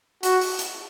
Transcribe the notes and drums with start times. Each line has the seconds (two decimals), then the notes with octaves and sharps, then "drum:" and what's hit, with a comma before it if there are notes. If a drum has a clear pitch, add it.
0.23 F#4, drum: hi-hat
0.41 drum: open hi-hat
0.59 drum: hi-hat